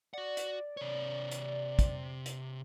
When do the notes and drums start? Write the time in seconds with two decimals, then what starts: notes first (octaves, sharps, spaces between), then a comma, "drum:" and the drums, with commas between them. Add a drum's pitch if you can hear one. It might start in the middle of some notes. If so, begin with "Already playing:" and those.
0.14 F#4 D5 F#5
0.37 drum: hi-hat
0.77 C3 C#5
1.31 drum: hi-hat
1.79 drum: kick, hi-hat
2.26 drum: hi-hat